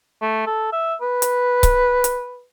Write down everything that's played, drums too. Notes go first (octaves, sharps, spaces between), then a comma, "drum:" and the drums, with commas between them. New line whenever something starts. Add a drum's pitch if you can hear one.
A3
A4
E5
B4
drum: hi-hat
drum: kick C#1, hi-hat
drum: hi-hat